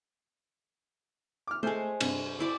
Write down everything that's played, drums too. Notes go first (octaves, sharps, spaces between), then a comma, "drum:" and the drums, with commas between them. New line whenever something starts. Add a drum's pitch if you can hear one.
D6 F6
G#3 A3 C5 G#5
G2 C3, drum: cymbal
C4 E4 D5